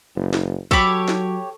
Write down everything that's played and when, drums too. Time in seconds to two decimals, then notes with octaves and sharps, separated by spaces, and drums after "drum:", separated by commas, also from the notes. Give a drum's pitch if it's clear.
0.15 F#1
0.33 drum: snare
0.71 F#3 G4 A4 C#5 B5 D6, drum: kick
1.08 drum: snare